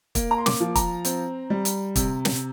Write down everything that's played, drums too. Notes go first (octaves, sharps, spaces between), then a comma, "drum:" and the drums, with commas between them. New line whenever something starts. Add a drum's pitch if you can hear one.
A#3, drum: kick, hi-hat
A#5
C6
D6, drum: snare
F3
A#5, drum: kick, hi-hat
C4, drum: hi-hat
G3
drum: hi-hat
C3, drum: kick, hi-hat
drum: snare